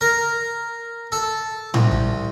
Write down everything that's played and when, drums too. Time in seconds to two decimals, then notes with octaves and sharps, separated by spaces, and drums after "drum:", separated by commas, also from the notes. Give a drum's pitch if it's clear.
0.01 A#4
1.12 A4
1.74 C2, drum: tom A2
1.91 drum: kick